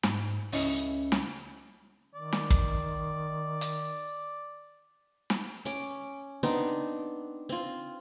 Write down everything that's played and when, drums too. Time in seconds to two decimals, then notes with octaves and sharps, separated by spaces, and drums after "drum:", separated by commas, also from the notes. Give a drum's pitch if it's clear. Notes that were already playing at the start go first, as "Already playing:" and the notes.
0.03 G#2, drum: snare
0.52 C#2 C#3 C#4 E4 D#5, drum: open hi-hat
1.12 drum: snare
2.15 D#3 D5
2.33 drum: snare
2.50 drum: kick
3.61 drum: hi-hat
5.30 drum: snare
5.65 C#4 D6
6.43 B3 C4 D4 D#4
7.49 C4 F4